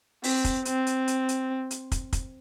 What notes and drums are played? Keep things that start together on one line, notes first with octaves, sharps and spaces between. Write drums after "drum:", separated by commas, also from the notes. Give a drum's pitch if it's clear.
C4, drum: open hi-hat
drum: kick, hi-hat
C4, drum: hi-hat
drum: hi-hat
drum: hi-hat
drum: hi-hat
drum: hi-hat
drum: kick, hi-hat
drum: kick, hi-hat